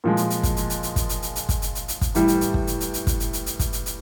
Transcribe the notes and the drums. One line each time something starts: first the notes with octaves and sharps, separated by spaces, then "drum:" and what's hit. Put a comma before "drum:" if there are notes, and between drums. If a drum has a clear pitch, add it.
A#2 F3 G#3
drum: hi-hat
drum: hi-hat
drum: kick, hi-hat
drum: hi-hat
drum: hi-hat
drum: hi-hat
drum: kick, hi-hat
drum: hi-hat
drum: hi-hat
drum: hi-hat
drum: kick, hi-hat
drum: hi-hat
drum: hi-hat
drum: hi-hat
drum: kick, hi-hat
A2 E3 G3, drum: hi-hat
drum: hi-hat
drum: hi-hat
drum: kick
drum: hi-hat
drum: hi-hat
drum: hi-hat
drum: kick, hi-hat
drum: hi-hat
drum: hi-hat
drum: hi-hat
drum: kick, hi-hat
drum: hi-hat
drum: hi-hat